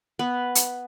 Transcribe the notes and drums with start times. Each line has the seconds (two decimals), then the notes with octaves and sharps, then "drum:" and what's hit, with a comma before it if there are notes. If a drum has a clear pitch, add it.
0.19 B3 B4
0.55 drum: hi-hat